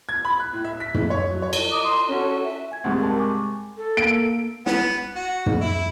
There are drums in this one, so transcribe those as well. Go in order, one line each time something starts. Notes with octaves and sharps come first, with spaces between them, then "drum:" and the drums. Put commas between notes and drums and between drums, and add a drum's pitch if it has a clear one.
G#6
B5
F#6
A2
E5
B6
E4, drum: tom
C#5
F#3
C#5
drum: cymbal
D#5 A#5 D6 D#6
A#5 C6
C#4 F#4 A4
E5
G#5 G#6
C2 G#2 G#3 F#5
A#4 A5
G#5 C#6 D6
A4
A#3 D7
B3, drum: snare
F#4
drum: tom
E4